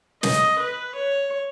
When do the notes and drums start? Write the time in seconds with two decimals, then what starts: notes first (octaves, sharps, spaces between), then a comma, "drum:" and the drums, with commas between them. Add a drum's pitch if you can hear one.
0.23 D#5, drum: snare
0.59 B4
0.96 C#5